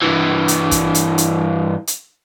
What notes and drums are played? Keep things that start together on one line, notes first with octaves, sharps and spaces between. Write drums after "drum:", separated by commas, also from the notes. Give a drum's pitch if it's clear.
G2 E3
drum: hi-hat
drum: kick, hi-hat
drum: hi-hat
drum: hi-hat
drum: hi-hat